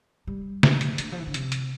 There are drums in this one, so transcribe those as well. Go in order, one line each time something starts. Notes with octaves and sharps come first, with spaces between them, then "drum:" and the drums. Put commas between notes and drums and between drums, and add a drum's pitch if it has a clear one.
G3
drum: snare C#3
drum: hi-hat
D3, drum: hi-hat
F3
E3
D3
C3, drum: hi-hat
drum: hi-hat